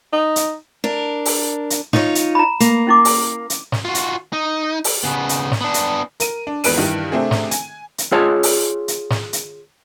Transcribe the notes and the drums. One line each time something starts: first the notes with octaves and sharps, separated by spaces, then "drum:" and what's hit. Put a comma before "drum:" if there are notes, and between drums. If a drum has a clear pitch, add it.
D#4
drum: hi-hat
D4 A#4
drum: open hi-hat
drum: hi-hat
D#4 F4 C#5, drum: snare
drum: hi-hat
A#5 B5
A#3, drum: hi-hat
C#4 E4 D6
drum: open hi-hat
drum: hi-hat
drum: snare
F4 F#4
drum: hi-hat
D#4
drum: open hi-hat
C#3 B3
drum: hi-hat
drum: snare
B3 D4
drum: hi-hat
A#4 D#7, drum: hi-hat
D4
G#1 E2 B4 F#6 D7 D#7, drum: open hi-hat
G2 D#3 E3
C3 A3 C4 D4 G#4
drum: snare
G#5, drum: hi-hat
drum: hi-hat
F4 G#4 C#5 A5
drum: open hi-hat
drum: hi-hat
drum: snare
drum: hi-hat